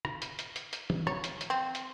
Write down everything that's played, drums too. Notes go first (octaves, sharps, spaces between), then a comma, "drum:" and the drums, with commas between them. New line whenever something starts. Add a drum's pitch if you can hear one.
drum: rim click
drum: hi-hat
drum: hi-hat
drum: hi-hat
drum: hi-hat
drum: tom
C#5, drum: rim click
drum: hi-hat
drum: hi-hat
C4
drum: hi-hat